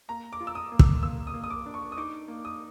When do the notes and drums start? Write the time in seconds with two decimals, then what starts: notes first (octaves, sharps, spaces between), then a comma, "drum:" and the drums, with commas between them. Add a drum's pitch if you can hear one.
0.09 A#3 A#5
0.33 D6
0.41 F4
0.47 E6
0.55 D#6
0.72 A#3
0.79 E6, drum: kick
1.02 A#3 E6
1.27 D#6
1.34 A#3
1.44 D#6
1.50 D6
1.66 D4
1.74 C#6
1.92 D#6
1.97 D#4 D6
2.28 A#3
2.45 D#6